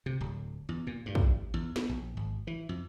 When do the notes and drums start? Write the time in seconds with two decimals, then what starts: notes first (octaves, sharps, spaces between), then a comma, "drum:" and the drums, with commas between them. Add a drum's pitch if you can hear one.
0.06 C3
0.21 D1
0.69 E2
0.87 A#2
1.06 G2
1.15 drum: kick
1.54 E2
1.76 B3, drum: snare
1.89 A#1
2.17 G#1
2.47 E3
2.69 F2